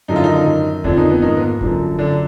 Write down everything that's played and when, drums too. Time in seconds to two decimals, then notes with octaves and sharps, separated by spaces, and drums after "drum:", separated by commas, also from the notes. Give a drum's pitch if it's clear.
0.08 F#2 D3 F3 D#4
0.16 F4
0.23 D#3 D#4
0.46 F#2 D#3
0.84 F2 D3 F3 D4, drum: kick D1
0.97 D#3 D#4
1.10 B3
1.22 G#2 D#3 F3 D#4
1.37 B3
1.42 A#3
1.61 F#2 D3 F3, drum: kick D1
1.98 F#2 D3 F3 D4